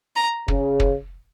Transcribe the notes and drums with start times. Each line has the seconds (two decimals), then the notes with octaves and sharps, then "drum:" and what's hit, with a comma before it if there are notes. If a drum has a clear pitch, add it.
0.16 A#5
0.48 C#3, drum: kick
0.80 drum: kick